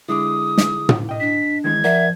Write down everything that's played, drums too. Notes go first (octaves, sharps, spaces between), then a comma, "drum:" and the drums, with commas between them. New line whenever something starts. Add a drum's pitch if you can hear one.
D3 G#3 E4 D6 D#6
drum: snare
drum: tom
D#5 G5
D4 B6
D#3 E3 G#3 G#6
F3 A#4 D5 E5 F#5